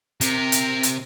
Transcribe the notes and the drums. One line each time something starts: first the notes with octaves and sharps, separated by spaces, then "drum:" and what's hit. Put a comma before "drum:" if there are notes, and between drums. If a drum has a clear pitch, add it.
C3 A#4, drum: hi-hat
drum: hi-hat
drum: hi-hat